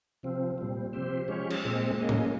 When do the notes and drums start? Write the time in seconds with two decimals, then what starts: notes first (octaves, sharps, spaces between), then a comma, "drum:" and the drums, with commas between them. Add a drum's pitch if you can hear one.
0.23 C3 F3 C4
0.58 A#2 G3 C4
0.93 C3 F3 C4 G4 C5
1.28 F3 G#3 C#4 G4 C#5
1.51 drum: cymbal
1.63 A#2 G#3 C4
1.98 A#3 C#4 G#4 D#5
2.09 drum: tom A2